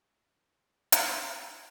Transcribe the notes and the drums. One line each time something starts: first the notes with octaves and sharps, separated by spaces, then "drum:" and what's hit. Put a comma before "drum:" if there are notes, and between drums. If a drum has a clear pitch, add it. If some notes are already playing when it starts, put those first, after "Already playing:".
A#3 E4, drum: hi-hat